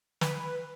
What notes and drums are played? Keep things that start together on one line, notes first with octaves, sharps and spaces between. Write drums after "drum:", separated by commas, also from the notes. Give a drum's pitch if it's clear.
B4, drum: snare